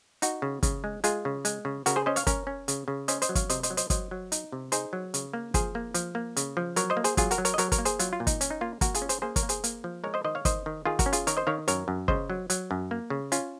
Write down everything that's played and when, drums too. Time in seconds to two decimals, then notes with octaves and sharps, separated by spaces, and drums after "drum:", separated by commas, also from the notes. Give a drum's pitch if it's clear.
0.22 D#4 F#4, drum: hi-hat
0.42 C#3
0.63 C#3, drum: kick, hi-hat
0.84 G#3
1.04 G#3 F4 G#4, drum: hi-hat
1.25 C#3
1.45 G#3, drum: hi-hat
1.65 C#3
1.86 C#3 F#4 A#4, drum: hi-hat
1.96 G#4 C5
2.06 C#4 C5 D#5
2.16 C#5 F5, drum: hi-hat
2.27 C#4 A#4 C#5, drum: kick, hi-hat
2.47 C#4
2.68 C#3, drum: hi-hat
2.88 C#3
3.08 C#4 C5 D#5, drum: hi-hat
3.22 C5 D#5, drum: hi-hat
3.29 F#3
3.35 C#5 F5, drum: kick, hi-hat
3.50 C3 C5 D#5, drum: hi-hat
3.63 C5 D#5, drum: hi-hat
3.70 F#3
3.77 C5 D#5, drum: hi-hat
3.90 F#3 C5 D#5, drum: kick, hi-hat
4.11 F#3
4.32 D#4, drum: hi-hat
4.52 C3
4.72 D#4 G#4 C5, drum: hi-hat
4.93 F#3
5.14 C#3, drum: hi-hat
5.33 A#3
5.54 F3 G#4 C5, drum: kick, hi-hat
5.75 A#3
5.94 F3, drum: hi-hat
6.15 A#3
6.37 C#3, drum: hi-hat
6.57 F3
6.76 F#3 A#4 C#5, drum: hi-hat
6.90 C5 D#5
6.97 A#3
7.04 G#4 C5, drum: hi-hat
7.17 F#3 F4 G#4, drum: kick, hi-hat
7.31 F#4 A#4, drum: hi-hat
7.38 F#3
7.45 A#4 C#5, drum: hi-hat
7.54 D#5
7.58 F#3 A#4 C#5, drum: hi-hat
7.72 A#4 C#5, drum: kick, hi-hat
7.79 A#3
7.85 G#4 C5, drum: hi-hat
7.99 F#3 F4, drum: hi-hat
8.13 F4
8.20 A#2
8.27 D#4, drum: kick, hi-hat
8.41 C#4, drum: hi-hat
8.50 D#4
8.61 A#3 F4
8.81 A#3 F#4 A#4, drum: kick, hi-hat
8.95 F4 G#4, drum: hi-hat
9.02 C#4
9.09 G#4 C5, drum: hi-hat
9.22 A#3 G#4 C5
9.36 A#4 C#5, drum: kick, hi-hat
9.43 A#3
9.49 G#4 C5, drum: hi-hat
9.64 A#3, drum: hi-hat
9.84 F3
10.04 G#3 A#4 C#5
10.14 C5 D#5
10.24 D#3 C5 D#5
10.35 C#5 F5
10.45 D#3 C5 D#5, drum: kick, hi-hat
10.66 D#3
10.85 D#3 F4 G#4
10.99 F#4 A#4, drum: kick, hi-hat
11.06 C#4
11.13 F4 G#4, drum: hi-hat
11.27 D#3 A#4 C#5, drum: hi-hat
11.37 C5 D#5
11.47 D#3 C#5 F5
11.68 F#2 A#4 C#5, drum: hi-hat
11.88 F#2
12.08 C#3 C5 D#5, drum: kick
12.30 F#3
12.50 F#3, drum: hi-hat
12.71 F#2
12.91 A#3
13.10 C#3
13.32 C#4 F4, drum: hi-hat